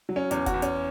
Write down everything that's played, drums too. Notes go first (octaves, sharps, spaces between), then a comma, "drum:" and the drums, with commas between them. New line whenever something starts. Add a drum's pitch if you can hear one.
F#3
C#4
E2 C#4, drum: hi-hat
F#4, drum: kick F1, hi-hat
E2
C#4, drum: hi-hat